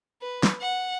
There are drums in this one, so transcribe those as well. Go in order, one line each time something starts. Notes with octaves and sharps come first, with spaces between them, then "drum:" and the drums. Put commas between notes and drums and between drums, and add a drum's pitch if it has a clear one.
B4
drum: snare
F#5